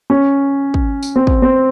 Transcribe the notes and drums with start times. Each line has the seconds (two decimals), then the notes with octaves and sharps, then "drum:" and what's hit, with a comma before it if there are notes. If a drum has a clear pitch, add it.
0.10 C#4
0.74 drum: kick
1.03 drum: tambourine
1.16 C4
1.27 drum: kick
1.42 C4